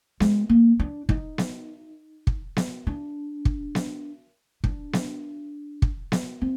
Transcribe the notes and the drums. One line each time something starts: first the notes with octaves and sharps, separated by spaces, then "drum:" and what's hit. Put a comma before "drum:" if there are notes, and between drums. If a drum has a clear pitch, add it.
G#3, drum: snare B3
A#3
D4
D#4, drum: kick
drum: snare B3
drum: kick
drum: snare B3
D4
drum: kick
drum: snare B3
D4, drum: kick
drum: snare B3
drum: kick
drum: snare B3
C4